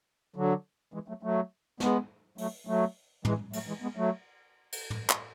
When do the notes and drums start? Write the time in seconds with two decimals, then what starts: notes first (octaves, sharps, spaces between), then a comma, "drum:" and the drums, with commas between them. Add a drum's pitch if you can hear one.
0.36 D3 F#3
0.94 E3 G#3
1.08 F#3 A3
1.23 F#3 A3
1.80 G#3 B3, drum: snare
2.38 F#3 A3, drum: open hi-hat
2.67 F#3 A3
3.25 E3 G#3, drum: tom
3.53 F#3 A3, drum: cymbal
3.67 E3 G#3
3.82 G#3 B3
3.96 F#3 A3
4.72 drum: cymbal
4.90 drum: tom
5.09 drum: clap